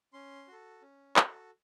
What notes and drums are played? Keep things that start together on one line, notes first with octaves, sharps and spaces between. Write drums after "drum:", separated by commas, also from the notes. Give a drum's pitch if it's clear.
C#4 C6
F#4 A4
C#4
F#4 A4, drum: clap